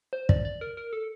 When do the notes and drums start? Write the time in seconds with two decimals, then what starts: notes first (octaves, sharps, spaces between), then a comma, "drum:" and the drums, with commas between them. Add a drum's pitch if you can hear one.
0.13 C5
0.29 D5, drum: kick
0.45 D5
0.61 A#4
0.77 A#4
0.93 A4